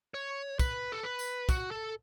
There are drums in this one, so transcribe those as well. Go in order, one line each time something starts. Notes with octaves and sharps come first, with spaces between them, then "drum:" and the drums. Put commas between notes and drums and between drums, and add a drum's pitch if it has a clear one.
C#5
B4, drum: kick, tambourine
A4
B4
drum: tambourine
F#4, drum: kick, tambourine
A4